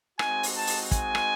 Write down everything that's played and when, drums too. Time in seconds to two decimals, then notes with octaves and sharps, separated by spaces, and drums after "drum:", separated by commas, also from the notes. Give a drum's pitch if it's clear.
0.19 G#3 C4 D#4 F#4 G#5, drum: rim click
0.43 drum: open hi-hat
0.55 A5
0.67 drum: open hi-hat
0.91 G#5, drum: kick, hi-hat
1.15 drum: rim click